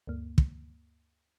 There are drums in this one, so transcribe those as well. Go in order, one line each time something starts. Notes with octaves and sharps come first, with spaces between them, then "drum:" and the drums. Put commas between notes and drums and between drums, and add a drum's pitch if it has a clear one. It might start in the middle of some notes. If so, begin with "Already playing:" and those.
D2 G2 A#3
drum: kick